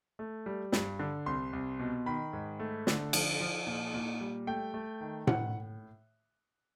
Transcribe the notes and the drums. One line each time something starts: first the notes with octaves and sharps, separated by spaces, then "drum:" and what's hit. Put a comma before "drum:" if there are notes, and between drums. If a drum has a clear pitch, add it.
A3
G3
G2, drum: snare
D3
C2 C6
C2
B2
D#3 B5
G#2
A3
D3, drum: snare
F3, drum: cymbal
F3
A#2
A#2
G3
A3 G5
A3
D#3
A2 F#5, drum: tom A2